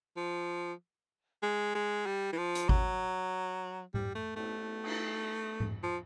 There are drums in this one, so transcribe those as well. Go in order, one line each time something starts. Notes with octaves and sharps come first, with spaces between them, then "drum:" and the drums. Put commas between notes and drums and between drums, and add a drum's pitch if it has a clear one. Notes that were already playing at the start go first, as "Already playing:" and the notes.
F3
G#3
G#3
G3
E3
F3
drum: hi-hat
F#3, drum: kick G#1
G3, drum: tom G#2
A3
A3, drum: cymbal
drum: cymbal
drum: tom G#2
F3